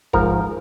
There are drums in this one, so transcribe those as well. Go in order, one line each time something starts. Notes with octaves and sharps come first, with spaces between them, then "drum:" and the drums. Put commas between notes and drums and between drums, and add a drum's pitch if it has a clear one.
G#2 F3 A#4, drum: kick